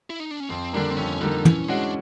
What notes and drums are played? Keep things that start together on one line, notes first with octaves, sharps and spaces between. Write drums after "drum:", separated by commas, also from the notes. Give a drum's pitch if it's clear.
E4
D#4
D4
C#4
F2 C4
D3 G3 A#3 D4
C4
F2 C#4
D3 G3 A#3 D#4
E3 C#4, drum: tom
G#3 C#4 D4 F#4